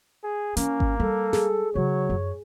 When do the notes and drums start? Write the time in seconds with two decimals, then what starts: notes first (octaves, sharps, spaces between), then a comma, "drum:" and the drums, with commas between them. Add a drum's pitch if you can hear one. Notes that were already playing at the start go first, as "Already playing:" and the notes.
0.23 G#4
0.57 E3 A#3 C#4, drum: hi-hat
0.80 drum: kick G#1
1.00 G3 A4
1.33 G#4, drum: snare
1.75 C#3 F#3 C#5
2.10 F#2